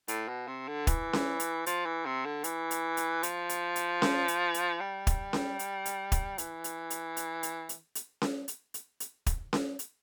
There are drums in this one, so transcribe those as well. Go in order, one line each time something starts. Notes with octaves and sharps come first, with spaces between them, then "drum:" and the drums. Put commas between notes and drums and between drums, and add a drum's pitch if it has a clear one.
A2, drum: hi-hat
B2
C3
D3
E3, drum: kick, hi-hat
drum: snare C#4
drum: hi-hat
F3, drum: hi-hat
E3
C3
D3
E3, drum: hi-hat
drum: hi-hat
drum: hi-hat
F3, drum: hi-hat
drum: hi-hat
drum: hi-hat
drum: snare C#4
drum: hi-hat
drum: hi-hat
G3
drum: kick, hi-hat
drum: snare C#4
drum: hi-hat
drum: hi-hat
drum: kick, hi-hat
E3, drum: hi-hat
drum: hi-hat
drum: hi-hat
drum: hi-hat
drum: hi-hat
drum: hi-hat
drum: hi-hat
drum: snare C#4
drum: hi-hat
drum: hi-hat
drum: hi-hat
drum: kick, hi-hat
drum: snare C#4
drum: hi-hat